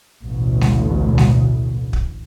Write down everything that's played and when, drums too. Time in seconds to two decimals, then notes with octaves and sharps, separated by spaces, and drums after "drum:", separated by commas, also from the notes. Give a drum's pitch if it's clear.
0.24 A1 D2 B2
0.61 drum: snare G#3
1.18 drum: snare G#3
1.93 drum: kick